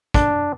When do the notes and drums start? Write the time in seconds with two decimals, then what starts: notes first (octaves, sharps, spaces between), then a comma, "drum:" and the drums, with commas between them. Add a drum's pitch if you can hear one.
0.14 D4, drum: kick, hi-hat